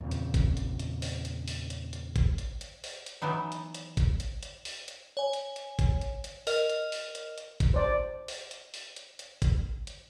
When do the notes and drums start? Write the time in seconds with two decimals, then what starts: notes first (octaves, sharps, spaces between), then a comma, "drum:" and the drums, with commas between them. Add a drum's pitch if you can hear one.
0.01 E2 A#2 C#3 C4
0.11 drum: hi-hat
0.34 drum: kick G#1, hi-hat
0.57 drum: hi-hat
0.79 drum: hi-hat
1.02 drum: open hi-hat
1.25 drum: hi-hat
1.48 drum: open hi-hat
1.70 drum: hi-hat
1.93 drum: hi-hat
2.16 drum: kick G#1, hi-hat
2.38 drum: hi-hat
2.61 drum: hi-hat
2.84 drum: open hi-hat
3.06 drum: hi-hat
3.22 E3 F#3 B3 D#4
3.52 drum: hi-hat
3.74 drum: hi-hat
3.97 drum: kick G#1, hi-hat
4.20 drum: hi-hat
4.43 drum: hi-hat
4.65 drum: open hi-hat
4.88 drum: hi-hat
5.17 C#5 G#5
5.33 drum: hi-hat
5.56 drum: hi-hat
5.79 drum: kick G#1, hi-hat
6.01 drum: hi-hat
6.24 drum: hi-hat
6.47 A#4 D#5 F6, drum: open hi-hat
6.69 drum: hi-hat
6.92 drum: open hi-hat
7.15 drum: hi-hat
7.38 drum: hi-hat
7.60 drum: kick G#1, hi-hat
7.74 C5 D5
8.28 drum: open hi-hat
8.51 drum: hi-hat
8.74 drum: open hi-hat
8.96 drum: hi-hat
9.19 drum: hi-hat
9.42 drum: kick G#1, hi-hat
9.87 drum: hi-hat